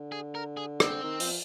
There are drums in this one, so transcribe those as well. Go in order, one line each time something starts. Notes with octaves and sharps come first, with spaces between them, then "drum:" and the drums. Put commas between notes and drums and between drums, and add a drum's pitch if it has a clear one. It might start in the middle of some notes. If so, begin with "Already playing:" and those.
Already playing: D3
G#4
A#4
G#4
C4, drum: rim click
D#3
F3, drum: open hi-hat